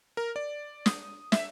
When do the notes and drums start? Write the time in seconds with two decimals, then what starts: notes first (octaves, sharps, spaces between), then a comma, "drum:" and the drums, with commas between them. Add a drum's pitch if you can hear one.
0.17 A#4
0.36 D5
0.86 D#6, drum: snare
1.32 E5, drum: snare